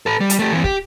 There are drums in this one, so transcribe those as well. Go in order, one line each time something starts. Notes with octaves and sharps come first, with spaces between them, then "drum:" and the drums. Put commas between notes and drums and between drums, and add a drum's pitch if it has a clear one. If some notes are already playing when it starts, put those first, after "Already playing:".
A4 B4
G3
drum: hi-hat
A3 G4
E3 C4
G4, drum: kick